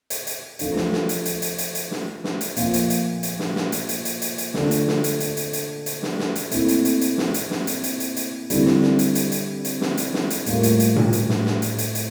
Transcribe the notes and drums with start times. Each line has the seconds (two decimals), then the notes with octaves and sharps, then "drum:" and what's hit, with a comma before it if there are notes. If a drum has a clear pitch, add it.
0.10 drum: hi-hat
0.27 drum: hi-hat
0.59 F3 A3 D4 F4, drum: hi-hat
0.76 drum: snare
0.93 drum: snare
1.09 drum: hi-hat
1.25 drum: hi-hat
1.42 drum: hi-hat
1.58 drum: hi-hat
1.75 drum: hi-hat
1.91 drum: snare
2.24 drum: snare
2.41 drum: hi-hat
2.56 A#2 F3 A#3 F4, drum: hi-hat
2.74 drum: hi-hat
2.90 drum: hi-hat
3.23 drum: hi-hat
3.39 drum: snare
3.56 drum: snare
3.72 drum: hi-hat
3.89 drum: hi-hat
4.05 drum: hi-hat
4.22 drum: hi-hat
4.38 drum: hi-hat
4.54 D3 A3 D4 F4, drum: snare
4.71 drum: hi-hat
4.87 drum: snare
5.04 drum: hi-hat
5.20 drum: hi-hat
5.37 drum: hi-hat
5.53 drum: hi-hat
5.86 drum: hi-hat
6.03 drum: snare
6.19 drum: snare
6.36 drum: hi-hat
6.51 A#2 A3 C4 E4, drum: hi-hat
6.68 drum: hi-hat
6.85 drum: hi-hat
7.01 drum: hi-hat
7.18 drum: snare
7.34 drum: hi-hat
7.51 drum: snare
7.67 drum: hi-hat
7.84 drum: hi-hat
8.00 drum: hi-hat
8.16 drum: hi-hat
8.50 D3 G3 C4 E4, drum: hi-hat
8.66 drum: snare
8.82 drum: snare
8.99 drum: hi-hat
9.15 drum: hi-hat
9.32 drum: hi-hat
9.65 drum: hi-hat
9.81 drum: snare
9.97 drum: hi-hat
10.14 drum: snare
10.30 drum: hi-hat
10.46 A2 G3 A#3 F4, drum: hi-hat
10.63 drum: hi-hat
10.80 drum: hi-hat
10.96 drum: tom A#2
11.13 drum: hi-hat
11.29 drum: snare
11.46 drum: snare
11.62 drum: hi-hat
11.78 drum: hi-hat
11.95 drum: hi-hat